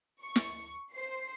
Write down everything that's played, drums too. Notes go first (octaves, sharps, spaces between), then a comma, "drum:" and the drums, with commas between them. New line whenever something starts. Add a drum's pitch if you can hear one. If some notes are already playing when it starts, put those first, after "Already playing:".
C#6
drum: snare
C5 C7